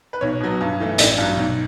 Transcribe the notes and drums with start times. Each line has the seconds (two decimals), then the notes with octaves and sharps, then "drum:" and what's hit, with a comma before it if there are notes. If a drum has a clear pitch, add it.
0.13 B4
0.21 B1 C#5
0.40 B2 F#3 B3
0.61 G2
0.80 E3 A3 E4
0.98 A1 D5, drum: hi-hat
1.18 G2 F#3
1.37 B1